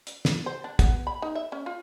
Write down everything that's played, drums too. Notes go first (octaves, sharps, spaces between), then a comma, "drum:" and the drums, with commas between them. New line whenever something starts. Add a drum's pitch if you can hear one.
drum: hi-hat
drum: snare
C5
D4
B3, drum: kick, hi-hat
B5
D#4
E5
C#4
F4